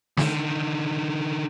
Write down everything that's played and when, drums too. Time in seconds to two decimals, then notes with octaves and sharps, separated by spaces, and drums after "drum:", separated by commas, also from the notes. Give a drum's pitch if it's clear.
0.17 D3 D#3, drum: snare